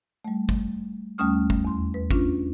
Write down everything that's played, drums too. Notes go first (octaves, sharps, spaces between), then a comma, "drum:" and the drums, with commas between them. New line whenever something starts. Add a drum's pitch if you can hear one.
G3 A3
drum: kick G1
D#2 G3 A3 C#4 D#6 F6
drum: kick G1
E2 C6
B4
C#4 D4 F4, drum: kick G1